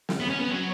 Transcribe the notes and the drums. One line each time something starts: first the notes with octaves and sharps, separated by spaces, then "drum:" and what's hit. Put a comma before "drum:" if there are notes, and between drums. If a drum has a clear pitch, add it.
drum: snare
B3
C#4
B3
F#3